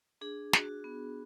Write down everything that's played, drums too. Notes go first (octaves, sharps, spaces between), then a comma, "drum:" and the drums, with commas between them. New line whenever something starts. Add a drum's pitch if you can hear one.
D4 G#4
F#4, drum: snare
B3